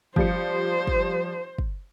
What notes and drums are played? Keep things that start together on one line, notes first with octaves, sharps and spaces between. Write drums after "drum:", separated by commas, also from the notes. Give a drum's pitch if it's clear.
F3 G3 C5 C#7, drum: kick
drum: kick
drum: kick